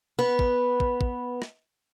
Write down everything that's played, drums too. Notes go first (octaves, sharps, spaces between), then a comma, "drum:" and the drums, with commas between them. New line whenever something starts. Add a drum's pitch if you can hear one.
B3 B4
drum: kick
drum: kick
drum: kick
drum: rim click